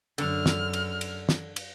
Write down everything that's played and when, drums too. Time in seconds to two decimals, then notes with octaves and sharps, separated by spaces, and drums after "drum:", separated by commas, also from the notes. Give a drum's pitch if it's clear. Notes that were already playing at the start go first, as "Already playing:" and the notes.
0.18 F#2 D3 F6, drum: cymbal
0.46 drum: snare
0.73 drum: cymbal
1.01 drum: cymbal
1.29 drum: snare
1.56 drum: cymbal